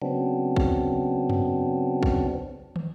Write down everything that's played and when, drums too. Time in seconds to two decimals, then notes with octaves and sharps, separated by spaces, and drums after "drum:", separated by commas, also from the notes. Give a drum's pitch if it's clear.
0.02 C#3 F#3 B3 C4 D4
0.56 drum: kick
1.30 drum: tom F#2
2.03 drum: kick
2.76 drum: tom